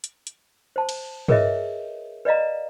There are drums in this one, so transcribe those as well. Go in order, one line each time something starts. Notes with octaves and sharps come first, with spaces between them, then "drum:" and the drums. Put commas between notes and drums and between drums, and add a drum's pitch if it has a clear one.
drum: hi-hat
drum: hi-hat
C5 A5
drum: cymbal
G#4 A#4 B4 C#5 D#5 E5, drum: tom
B4 D5 D#5 F5 A#5